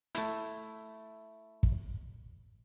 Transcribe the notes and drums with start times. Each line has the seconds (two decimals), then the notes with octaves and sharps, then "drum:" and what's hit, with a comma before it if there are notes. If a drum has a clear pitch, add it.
0.15 A3 E4, drum: hi-hat
1.63 drum: kick